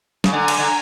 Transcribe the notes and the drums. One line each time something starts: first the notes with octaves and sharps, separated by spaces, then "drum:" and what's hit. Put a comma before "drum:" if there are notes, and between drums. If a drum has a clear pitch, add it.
C#3, drum: snare
D3 G#5 A#5
drum: cymbal
D3